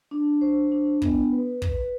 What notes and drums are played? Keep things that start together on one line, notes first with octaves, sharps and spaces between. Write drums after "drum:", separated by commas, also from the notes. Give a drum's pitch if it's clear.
D4
C5
D4
B3, drum: kick
B4
B4, drum: kick